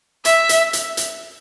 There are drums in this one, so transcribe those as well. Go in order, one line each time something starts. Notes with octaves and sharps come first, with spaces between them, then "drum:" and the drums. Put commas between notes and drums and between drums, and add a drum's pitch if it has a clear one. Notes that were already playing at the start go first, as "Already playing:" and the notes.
E5, drum: hi-hat
drum: hi-hat
drum: hi-hat
drum: hi-hat